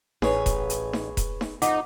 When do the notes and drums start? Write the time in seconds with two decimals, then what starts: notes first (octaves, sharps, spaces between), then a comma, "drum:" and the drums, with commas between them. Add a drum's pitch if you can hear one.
0.22 A1 G#4 B4 C#5, drum: snare D#4
0.46 drum: kick E1, hi-hat
0.70 drum: hi-hat
0.93 drum: snare D#4
1.17 drum: kick E1, hi-hat
1.41 drum: snare D#4
1.62 F2 D#4 D#5 F#5 D6, drum: hi-hat